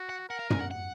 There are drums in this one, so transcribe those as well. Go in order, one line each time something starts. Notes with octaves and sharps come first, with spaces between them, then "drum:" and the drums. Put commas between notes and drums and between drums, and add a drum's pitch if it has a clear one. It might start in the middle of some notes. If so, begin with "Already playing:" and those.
Already playing: F#4
F#5
A#4 F#5
F5
G#5, drum: tom
F#5
F#5